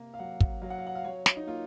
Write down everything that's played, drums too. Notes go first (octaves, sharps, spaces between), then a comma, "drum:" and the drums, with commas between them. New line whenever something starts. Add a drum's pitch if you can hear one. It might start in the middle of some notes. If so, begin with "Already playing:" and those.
Already playing: C3 A#3 F5
F5
F#3 F#5
drum: kick
F#3 F5
F#5
F5
F#5
F5
F#3 C#5
drum: snare
D#4
A#3 F4